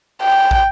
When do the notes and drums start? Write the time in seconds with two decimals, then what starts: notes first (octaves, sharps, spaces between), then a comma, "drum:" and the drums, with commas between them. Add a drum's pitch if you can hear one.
0.22 G5
0.51 drum: kick